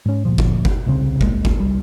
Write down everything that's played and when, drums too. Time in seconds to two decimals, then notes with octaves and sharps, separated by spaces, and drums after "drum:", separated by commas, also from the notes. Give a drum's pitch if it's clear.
0.05 G#2 C#4
0.25 G1 D2 A#2 F3
0.38 drum: kick G1
0.65 drum: kick G1
0.86 D#1 C2 C#3 C4
1.21 D1 C2 G#3 A#3, drum: kick G1
1.45 drum: kick G1
1.60 C2 G3